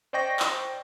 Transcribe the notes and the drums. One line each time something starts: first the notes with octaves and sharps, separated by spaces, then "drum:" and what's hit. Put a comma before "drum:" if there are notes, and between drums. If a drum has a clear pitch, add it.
C5 D5 D#5 G5 C#6 A#6
drum: clap